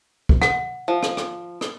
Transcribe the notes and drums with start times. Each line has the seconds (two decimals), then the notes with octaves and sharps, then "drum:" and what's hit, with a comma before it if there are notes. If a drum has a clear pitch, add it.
0.29 drum: kick
0.42 F#5, drum: rim click
0.88 F3
1.03 drum: rim click
1.17 drum: rim click
1.61 drum: rim click